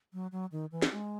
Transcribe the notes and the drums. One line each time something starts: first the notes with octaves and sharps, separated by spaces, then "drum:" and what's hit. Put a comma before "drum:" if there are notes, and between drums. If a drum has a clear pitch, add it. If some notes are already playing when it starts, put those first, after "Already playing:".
F#3
F#3
D#3
E3
drum: snare
G#3